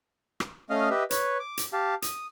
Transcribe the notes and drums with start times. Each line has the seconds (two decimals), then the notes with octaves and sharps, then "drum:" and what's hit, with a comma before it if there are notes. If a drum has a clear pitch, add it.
0.40 drum: rim click
0.70 A3 C#4 D#5 F5 D#6 F6
0.90 G4 B4 D#5 E5
1.11 B4 C#5, drum: hi-hat
1.40 D6
1.57 drum: hi-hat
1.73 G4 F5 A5
2.02 D#6, drum: hi-hat